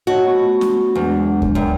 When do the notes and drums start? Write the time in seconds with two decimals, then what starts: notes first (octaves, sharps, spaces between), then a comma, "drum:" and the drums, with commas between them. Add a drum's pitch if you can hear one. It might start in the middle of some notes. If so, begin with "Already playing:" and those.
0.07 F#4 C#5 D#5 A5
0.25 A3 B3 C#6
0.61 drum: snare
0.95 E2 F#3 G#3 D4
1.42 drum: kick D2
1.55 F#2 D5 G5